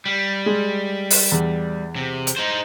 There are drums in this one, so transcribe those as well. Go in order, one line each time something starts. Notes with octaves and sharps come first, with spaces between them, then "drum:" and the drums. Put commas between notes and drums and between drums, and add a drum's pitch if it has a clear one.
G3
G#3
drum: open hi-hat
E2
C3
drum: hi-hat
D#4 C5